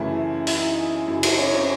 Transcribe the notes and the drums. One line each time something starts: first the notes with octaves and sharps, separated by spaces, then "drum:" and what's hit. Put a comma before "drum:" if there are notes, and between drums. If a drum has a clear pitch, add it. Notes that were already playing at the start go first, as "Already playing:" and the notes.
Already playing: F#2 C#3 E3 A3 E4
E4, drum: open hi-hat
D#4
F#2 C#3 F#3 E4
D#4, drum: cymbal
C#4
C4